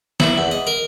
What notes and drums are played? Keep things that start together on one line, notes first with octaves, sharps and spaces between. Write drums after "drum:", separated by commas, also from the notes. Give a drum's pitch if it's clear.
E4, drum: snare
E2
D#5
A#4